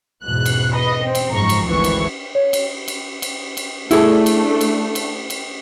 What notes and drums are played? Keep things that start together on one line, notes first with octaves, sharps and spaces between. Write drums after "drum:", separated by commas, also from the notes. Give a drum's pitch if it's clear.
E2 G#2 B2 F#6
drum: cymbal
B4 D#5
C4
drum: cymbal
F#1 G#2 F3 A#5 C#6
drum: cymbal
G#1 D2 E3 C#6
drum: cymbal
C#5
drum: cymbal
drum: cymbal
drum: cymbal
drum: cymbal
A3 D4 E4 G#4 A4, drum: cymbal
drum: cymbal
drum: cymbal
drum: cymbal
drum: cymbal